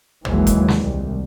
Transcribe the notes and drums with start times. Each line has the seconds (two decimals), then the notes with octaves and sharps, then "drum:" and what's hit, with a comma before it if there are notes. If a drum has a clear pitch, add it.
0.25 D#2 E3 F#3 G#3, drum: tom
0.47 drum: kick F1, hi-hat
0.68 drum: snare
0.82 C2